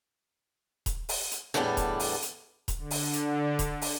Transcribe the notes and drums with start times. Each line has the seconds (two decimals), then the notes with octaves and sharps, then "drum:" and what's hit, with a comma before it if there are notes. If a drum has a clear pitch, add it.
0.86 drum: kick D#1, hi-hat
1.09 drum: open hi-hat
1.31 drum: hi-hat
1.54 E2 A2 D3 G3 B3 A4
1.77 drum: kick D#1, hi-hat
2.00 drum: open hi-hat
2.22 drum: hi-hat
2.68 drum: kick D#1, hi-hat
2.78 D3
2.91 drum: open hi-hat
3.13 drum: hi-hat
3.59 drum: kick D#1, hi-hat
3.82 drum: open hi-hat